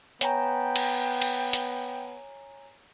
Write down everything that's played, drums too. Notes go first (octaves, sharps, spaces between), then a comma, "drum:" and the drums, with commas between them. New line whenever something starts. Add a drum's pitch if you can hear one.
B3 C#5 G5 G#5 A#5, drum: hi-hat
drum: cymbal
drum: cymbal
drum: hi-hat